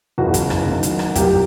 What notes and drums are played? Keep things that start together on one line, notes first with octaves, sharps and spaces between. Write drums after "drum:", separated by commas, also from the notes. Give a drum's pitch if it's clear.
F#1 E2 C#3 E3 F#4
drum: kick, hi-hat
drum: rim click
F#1 F#2 D#3
drum: hi-hat
drum: rim click
C2 A#2 F#3 A#3 G4, drum: kick, hi-hat